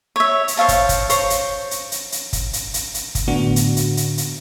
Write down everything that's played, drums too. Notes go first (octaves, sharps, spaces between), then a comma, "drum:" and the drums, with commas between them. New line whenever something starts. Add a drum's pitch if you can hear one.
C#5 E5
drum: hi-hat
C5 C#5 F5 A5
drum: kick, hi-hat
drum: kick, hi-hat
C5 C#5, drum: hi-hat
drum: hi-hat
drum: hi-hat
drum: hi-hat
drum: hi-hat
drum: kick, hi-hat
drum: hi-hat
drum: hi-hat
drum: hi-hat
drum: kick, hi-hat
A2 D3 B3 D4 F#4
drum: hi-hat
drum: hi-hat
drum: hi-hat
drum: hi-hat